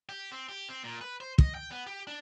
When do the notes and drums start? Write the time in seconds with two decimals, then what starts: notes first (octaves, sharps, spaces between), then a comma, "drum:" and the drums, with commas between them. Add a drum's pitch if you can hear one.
0.09 G4
0.32 C4
0.49 G4
0.69 C4
0.84 A#2
1.01 B4
1.20 C5
1.38 D#5, drum: kick
1.55 G5
1.71 B3
1.87 G4
2.07 D4